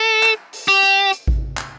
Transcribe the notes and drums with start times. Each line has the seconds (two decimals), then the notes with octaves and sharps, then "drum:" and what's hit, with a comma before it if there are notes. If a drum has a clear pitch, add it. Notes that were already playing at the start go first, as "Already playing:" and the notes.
Already playing: A4
0.23 drum: clap
0.53 drum: open hi-hat
0.68 G4
0.83 drum: hi-hat
1.13 drum: hi-hat
1.27 drum: kick A1
1.57 drum: clap